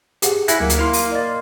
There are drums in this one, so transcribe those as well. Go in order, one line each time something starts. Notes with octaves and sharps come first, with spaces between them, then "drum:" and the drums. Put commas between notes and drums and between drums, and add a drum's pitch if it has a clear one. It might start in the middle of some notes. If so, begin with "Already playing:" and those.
G4 G#4 F#5, drum: hi-hat
E4 F#5 G#5 A#6 B6, drum: hi-hat
D2 F#3 A#3
drum: hi-hat
E4 F5 C6
drum: open hi-hat
D5 D#5 A6